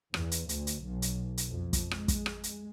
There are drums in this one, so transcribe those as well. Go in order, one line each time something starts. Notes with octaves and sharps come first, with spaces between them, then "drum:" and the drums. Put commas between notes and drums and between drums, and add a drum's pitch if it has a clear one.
E2, drum: rim click
drum: hi-hat
D2, drum: hi-hat
drum: hi-hat
B1
drum: hi-hat
drum: hi-hat
F2
drum: kick, hi-hat
G#3, drum: rim click
drum: kick, hi-hat
drum: rim click
drum: hi-hat